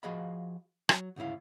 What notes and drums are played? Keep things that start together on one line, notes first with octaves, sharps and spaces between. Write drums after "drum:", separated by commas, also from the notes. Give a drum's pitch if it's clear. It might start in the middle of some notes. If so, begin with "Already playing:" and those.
F3 F#4 G#4 D#5 F5 B5
F#3, drum: rim click
D2 G#2 C#3 E4 F5